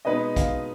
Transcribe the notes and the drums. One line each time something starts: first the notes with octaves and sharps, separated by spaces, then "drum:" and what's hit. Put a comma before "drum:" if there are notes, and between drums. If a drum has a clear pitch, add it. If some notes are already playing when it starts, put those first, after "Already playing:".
B2 G#3 B3 D#4 B4 D#5
F5, drum: kick, hi-hat